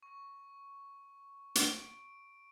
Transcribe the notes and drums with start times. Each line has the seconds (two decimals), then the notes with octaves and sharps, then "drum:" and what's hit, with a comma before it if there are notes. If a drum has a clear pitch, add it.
0.03 C#6
1.55 drum: hi-hat
1.67 D7